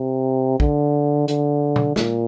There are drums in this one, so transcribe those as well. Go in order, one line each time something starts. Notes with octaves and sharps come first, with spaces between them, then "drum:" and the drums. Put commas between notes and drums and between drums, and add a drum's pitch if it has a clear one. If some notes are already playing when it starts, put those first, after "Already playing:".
Already playing: C3
D3, drum: kick
D3, drum: hi-hat
drum: tom
A#2, drum: snare